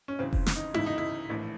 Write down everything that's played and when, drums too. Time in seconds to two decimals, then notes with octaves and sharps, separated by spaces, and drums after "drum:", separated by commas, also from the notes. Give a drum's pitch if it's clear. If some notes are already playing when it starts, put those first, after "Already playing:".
0.08 C#4
0.19 D2 C#3 E3 C4
0.33 drum: kick F1
0.46 drum: snare
0.56 D#4
0.74 D2 C#3 E3 E4, drum: tom D#4
0.86 D#4
0.98 E4
1.30 A#1 A2 E3